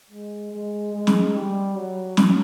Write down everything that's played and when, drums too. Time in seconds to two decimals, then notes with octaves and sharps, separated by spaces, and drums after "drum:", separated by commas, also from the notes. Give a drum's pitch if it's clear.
0.10 G#3
0.51 G#3
0.93 G#3
1.07 drum: snare
1.35 G3
1.76 F#3
2.17 drum: snare